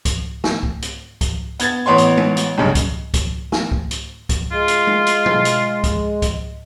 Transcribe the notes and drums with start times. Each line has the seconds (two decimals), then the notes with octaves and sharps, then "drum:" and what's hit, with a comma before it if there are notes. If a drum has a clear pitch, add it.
0.05 drum: kick C#2, hi-hat
0.44 drum: snare
0.63 drum: kick C#2
0.82 drum: hi-hat
1.21 drum: kick C#2, hi-hat
1.60 B3 G#6 A6, drum: hi-hat
1.86 A1 B3 C#5 C6
1.98 drum: hi-hat
2.17 drum: tom G#3
2.37 drum: hi-hat
2.58 B1 G2 C#3
2.75 drum: kick C#2, hi-hat
3.14 drum: kick C#2, hi-hat
3.52 drum: snare
3.72 drum: kick C#2
3.91 drum: hi-hat
4.29 drum: kick C#2, hi-hat
4.52 G#3 F4
4.68 drum: hi-hat
4.87 drum: tom G#3
5.06 drum: hi-hat
5.26 drum: tom B2
5.45 drum: hi-hat
5.84 drum: kick C#2, hi-hat
6.22 drum: kick C#2, hi-hat